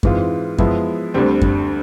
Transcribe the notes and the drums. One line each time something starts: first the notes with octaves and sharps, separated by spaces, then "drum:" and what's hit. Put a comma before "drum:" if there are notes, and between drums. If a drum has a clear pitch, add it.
G#2 E3 G#3 C4 F4, drum: kick F#2
F3 G#3 B3 E4, drum: kick F#2
D2 D3 G3 C4
drum: kick F#2